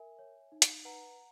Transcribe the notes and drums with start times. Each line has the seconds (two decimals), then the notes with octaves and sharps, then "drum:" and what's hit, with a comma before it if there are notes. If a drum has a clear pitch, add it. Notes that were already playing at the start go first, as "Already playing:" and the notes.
Already playing: A#4 E5 G#5
0.19 C#5
0.52 D#4
0.62 drum: hi-hat
0.85 B4 F#5 A#5